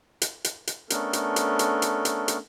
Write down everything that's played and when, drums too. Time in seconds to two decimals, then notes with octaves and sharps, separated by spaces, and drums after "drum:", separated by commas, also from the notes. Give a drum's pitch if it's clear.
0.22 drum: hi-hat
0.44 drum: hi-hat
0.67 drum: hi-hat
0.90 A3 B3 C#4 D4 A4 A#4, drum: hi-hat
1.13 drum: hi-hat
1.36 drum: hi-hat
1.59 drum: hi-hat
1.82 drum: hi-hat
2.05 drum: hi-hat
2.28 drum: hi-hat